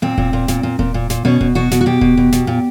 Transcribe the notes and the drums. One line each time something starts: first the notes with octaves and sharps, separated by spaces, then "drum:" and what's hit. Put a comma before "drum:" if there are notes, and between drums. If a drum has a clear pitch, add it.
A#2 C4
A#2, drum: kick D#1
A#2
A#2, drum: snare
A#2
A#2, drum: kick D#1
A#2
A#2, drum: snare
B2 C#4
B2, drum: kick D#1
B2 F#4
B2, drum: snare
F#4
B2 G4
B2, drum: kick D#1
B2
B2, drum: snare
A#2